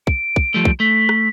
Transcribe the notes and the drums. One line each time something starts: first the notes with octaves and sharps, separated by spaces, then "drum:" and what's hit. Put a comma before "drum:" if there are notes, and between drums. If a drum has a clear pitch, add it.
D7, drum: kick
drum: kick
F3 G3 A3
drum: kick
A3 B6
drum: rim click